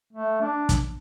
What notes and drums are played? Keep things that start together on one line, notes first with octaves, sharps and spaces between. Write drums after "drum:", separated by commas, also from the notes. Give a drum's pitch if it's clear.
A3
D4
drum: kick, hi-hat